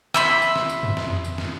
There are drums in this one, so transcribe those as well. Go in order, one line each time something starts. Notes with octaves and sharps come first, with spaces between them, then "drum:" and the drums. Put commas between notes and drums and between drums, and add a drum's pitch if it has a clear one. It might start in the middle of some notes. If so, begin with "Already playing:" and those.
E5 B5 C6, drum: snare
drum: tambourine
drum: snare
drum: tambourine
drum: tom
drum: snare
drum: tambourine
drum: snare